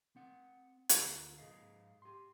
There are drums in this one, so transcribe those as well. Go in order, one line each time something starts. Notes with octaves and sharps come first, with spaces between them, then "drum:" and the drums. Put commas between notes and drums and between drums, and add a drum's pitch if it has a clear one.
C4 F#5
D2 F4 A#4, drum: hi-hat
G#2 G#4 D#5 F5
G4 C6